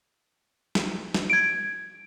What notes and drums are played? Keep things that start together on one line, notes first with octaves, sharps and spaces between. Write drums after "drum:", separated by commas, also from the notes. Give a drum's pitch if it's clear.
drum: snare
drum: snare
G#6 D7